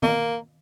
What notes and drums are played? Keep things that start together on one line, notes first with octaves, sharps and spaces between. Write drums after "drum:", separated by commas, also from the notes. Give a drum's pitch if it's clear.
A#3, drum: tom